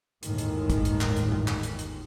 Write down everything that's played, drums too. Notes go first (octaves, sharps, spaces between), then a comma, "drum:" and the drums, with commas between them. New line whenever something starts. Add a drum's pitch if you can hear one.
G1 D#2 A2 D#3 G#3, drum: hi-hat
drum: hi-hat
drum: kick, hi-hat
drum: hi-hat
drum: clap
drum: hi-hat
drum: tom
drum: clap
drum: hi-hat
drum: hi-hat